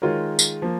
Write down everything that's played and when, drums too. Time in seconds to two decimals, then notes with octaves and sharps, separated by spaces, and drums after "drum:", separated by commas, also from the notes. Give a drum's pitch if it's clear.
0.02 D#3 G#3 F4 A#4 C#5
0.39 drum: tambourine
0.62 F3 A#3